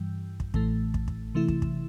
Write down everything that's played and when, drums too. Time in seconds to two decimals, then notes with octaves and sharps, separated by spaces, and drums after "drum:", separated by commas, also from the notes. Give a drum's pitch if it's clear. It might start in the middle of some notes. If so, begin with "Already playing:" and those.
Already playing: G2 E3 G3
0.40 drum: kick
0.54 A1 A2 E3 A3, drum: kick
0.94 drum: kick
1.08 drum: kick
1.35 C3 E3 A3 E4
1.48 drum: kick
1.62 drum: kick